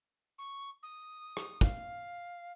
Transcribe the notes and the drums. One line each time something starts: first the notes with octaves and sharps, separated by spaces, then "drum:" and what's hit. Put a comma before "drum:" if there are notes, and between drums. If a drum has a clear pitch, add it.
C#6
D#6
drum: rim click
F5, drum: kick